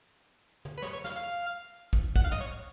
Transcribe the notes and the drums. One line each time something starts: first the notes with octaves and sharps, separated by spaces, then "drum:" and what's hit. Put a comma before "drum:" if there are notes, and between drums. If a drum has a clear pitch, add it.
drum: tom
B4
C#5, drum: snare
C#5
F5, drum: snare
F5
drum: kick
F#5, drum: kick
F5
D#5, drum: tom
C#5